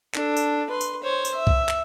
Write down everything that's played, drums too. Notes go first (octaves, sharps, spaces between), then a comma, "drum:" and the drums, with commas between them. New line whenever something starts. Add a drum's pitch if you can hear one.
D4 A4, drum: clap
drum: tambourine
B4 C6
drum: tambourine
C5 C#5
drum: tambourine
E5
drum: kick C2
drum: clap